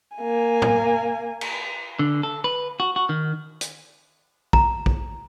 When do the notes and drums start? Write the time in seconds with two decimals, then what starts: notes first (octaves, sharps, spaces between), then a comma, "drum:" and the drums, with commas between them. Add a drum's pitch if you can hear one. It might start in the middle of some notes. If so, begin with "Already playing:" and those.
0.17 A#3 G#5
0.62 drum: tom
1.41 drum: cymbal
1.99 D3
2.23 A4
2.44 B4
2.80 F#4
2.96 F#4
3.09 D#3
3.61 drum: hi-hat
4.53 A#5, drum: kick A#1
4.86 drum: kick A#1